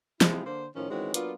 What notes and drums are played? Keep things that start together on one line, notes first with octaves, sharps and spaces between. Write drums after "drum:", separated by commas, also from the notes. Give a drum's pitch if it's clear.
C3 F3 G#3 C4 E4 F4, drum: snare
D3 A#3 C5
A2 D#3 F3 C#4
D#3 E3 G#3 C4 C#4 F#4
F#3 A#3 B3 D4 F4, drum: hi-hat